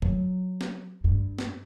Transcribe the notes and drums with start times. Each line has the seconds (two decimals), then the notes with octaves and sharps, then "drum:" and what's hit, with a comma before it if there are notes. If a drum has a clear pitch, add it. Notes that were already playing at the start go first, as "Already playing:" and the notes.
0.02 F#3, drum: kick
0.61 drum: snare
1.04 G2
1.39 drum: snare